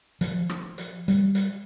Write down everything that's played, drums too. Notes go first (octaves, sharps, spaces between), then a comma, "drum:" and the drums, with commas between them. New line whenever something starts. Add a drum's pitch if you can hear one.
F3, drum: hi-hat
drum: rim click
drum: hi-hat
G3, drum: hi-hat
drum: hi-hat